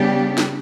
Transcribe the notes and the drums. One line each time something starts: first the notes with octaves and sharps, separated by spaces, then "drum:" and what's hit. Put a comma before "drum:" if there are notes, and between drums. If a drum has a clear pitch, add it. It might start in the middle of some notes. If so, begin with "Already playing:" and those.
Already playing: C#3 G3 B3 D4 G4
drum: snare